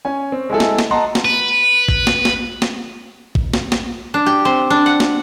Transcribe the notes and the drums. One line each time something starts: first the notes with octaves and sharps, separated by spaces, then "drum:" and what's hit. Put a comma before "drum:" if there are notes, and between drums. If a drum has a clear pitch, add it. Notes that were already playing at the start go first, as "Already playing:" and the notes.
C#4 G#5
C4
G#3 E4 G#4 A4
drum: snare
drum: snare
D#5 F#5 A5 A#5 C6
drum: snare
B4
drum: kick
drum: snare
drum: snare
drum: snare
drum: kick
drum: snare
drum: snare
D4
G4
C4
D4
F#5
drum: snare